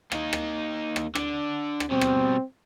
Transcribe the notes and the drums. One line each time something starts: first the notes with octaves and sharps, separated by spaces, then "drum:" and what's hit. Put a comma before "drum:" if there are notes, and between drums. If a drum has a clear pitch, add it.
A#3 D#4, drum: rim click
drum: rim click
drum: rim click
D3 D4, drum: rim click
drum: rim click
B2 G3 C4
drum: rim click